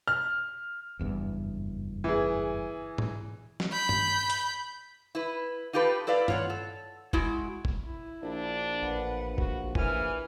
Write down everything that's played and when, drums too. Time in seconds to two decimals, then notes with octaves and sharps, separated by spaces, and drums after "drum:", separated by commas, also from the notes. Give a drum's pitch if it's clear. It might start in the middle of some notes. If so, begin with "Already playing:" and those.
0.08 F6
0.99 F#1 E2 G2
2.04 E3 G#4
2.98 drum: tom G#2
3.60 drum: snare
3.72 B5 G6
3.89 drum: tom G2
4.30 drum: hi-hat
5.15 E4 B4
5.73 D#4 F4 G4 A4 B4
6.07 E4 A4 B4 D5 F5
6.28 F4 C#5 F#5, drum: tom G2
6.50 A4
7.13 G#3 E4 F#4, drum: kick
7.65 drum: kick
7.85 E4
8.23 A#1 D4
8.82 A1 B4 F#5
9.38 F#4, drum: kick
9.75 A#1 E3 G#5 F6, drum: kick